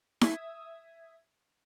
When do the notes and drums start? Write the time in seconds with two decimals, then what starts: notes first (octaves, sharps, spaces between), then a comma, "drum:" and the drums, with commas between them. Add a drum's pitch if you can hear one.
0.21 E5 D#6 G#6, drum: snare E4